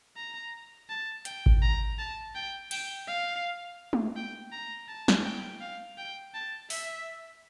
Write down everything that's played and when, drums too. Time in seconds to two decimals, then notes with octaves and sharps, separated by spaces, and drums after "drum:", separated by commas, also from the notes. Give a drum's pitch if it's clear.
0.16 A#5
0.89 A5
1.25 G5, drum: hi-hat
1.46 drum: kick G#1
1.62 A#5
1.99 A5
2.35 G5
2.71 G5, drum: cymbal
3.07 F5
3.93 drum: tom G#3
4.16 G5
4.52 A#5
4.88 A5
5.08 drum: snare
5.24 G5
5.61 F5
5.98 G5
6.34 A5
6.70 E5, drum: open hi-hat